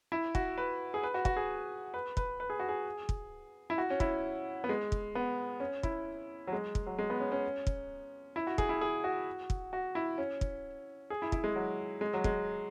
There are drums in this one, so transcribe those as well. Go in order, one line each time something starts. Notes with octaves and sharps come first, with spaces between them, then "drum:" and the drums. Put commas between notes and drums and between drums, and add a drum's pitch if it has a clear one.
E4
F#4, drum: kick
B4
G#4
B4
F#4
F#4, drum: kick
G#4
B4
B4, drum: kick
B4
G#4
F#4
G#4
drum: kick
E4
F#4
C#4
E4, drum: kick
B3
G#3
drum: kick
B3
C#4
E4, drum: kick
F#3
G#3
drum: kick
F#3
G#3
B3
C#4
C#4
drum: kick
E4
F#4
G#4, drum: kick
E4
G#4
F#4
drum: kick
F#4
E4
C#4
drum: kick
G#4
E4
E4, drum: kick
G#3
F#3
G#3
F#3
G#3, drum: kick